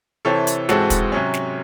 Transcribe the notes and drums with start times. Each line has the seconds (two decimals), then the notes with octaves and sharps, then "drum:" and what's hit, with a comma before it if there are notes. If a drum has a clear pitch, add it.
0.25 C3 E3 C4 A4 C#5
0.47 drum: hi-hat
0.69 G#2 E3 G#3 C4 F#4 A4, drum: snare
0.90 drum: kick, hi-hat
1.12 C3 F#3 C#4
1.34 drum: snare